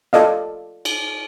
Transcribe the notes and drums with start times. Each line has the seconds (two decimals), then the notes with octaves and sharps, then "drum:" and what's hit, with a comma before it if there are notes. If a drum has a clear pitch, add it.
0.13 F4 A4 D5 D#5 F5, drum: snare
0.85 drum: cymbal